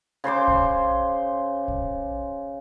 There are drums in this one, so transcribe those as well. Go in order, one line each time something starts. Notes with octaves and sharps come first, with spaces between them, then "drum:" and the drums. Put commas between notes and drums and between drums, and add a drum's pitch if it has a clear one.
C#3 C5 C6 D6
drum: kick A#1
drum: kick A#1